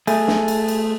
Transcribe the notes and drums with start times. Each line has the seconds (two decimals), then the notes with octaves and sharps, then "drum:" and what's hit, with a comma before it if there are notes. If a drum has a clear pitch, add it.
0.07 A3 G#4, drum: cymbal
0.28 drum: snare
0.48 drum: cymbal
0.68 drum: cymbal